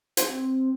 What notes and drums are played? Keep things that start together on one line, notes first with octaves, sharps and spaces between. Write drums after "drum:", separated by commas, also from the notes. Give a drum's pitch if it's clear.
C4, drum: hi-hat